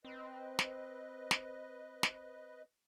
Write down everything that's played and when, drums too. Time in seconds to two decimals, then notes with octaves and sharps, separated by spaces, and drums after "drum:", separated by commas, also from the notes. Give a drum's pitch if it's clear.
0.05 C4 B4 D#5
0.59 drum: snare
1.31 drum: snare
2.03 drum: snare